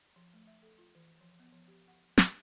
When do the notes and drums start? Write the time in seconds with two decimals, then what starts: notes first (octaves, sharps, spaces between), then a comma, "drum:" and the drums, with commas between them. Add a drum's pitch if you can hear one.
0.16 F3
0.33 A3
0.47 E5
0.62 A4
0.78 F4
0.95 E3
1.21 F3
1.40 B3
1.52 F3
1.68 G4
1.88 F#5
2.18 G4, drum: snare